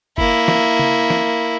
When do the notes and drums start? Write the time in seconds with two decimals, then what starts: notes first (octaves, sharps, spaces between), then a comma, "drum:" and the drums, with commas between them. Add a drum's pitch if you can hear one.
0.18 A#3 E4, drum: kick F#1
0.48 drum: snare
0.79 drum: tom C#3
1.10 drum: snare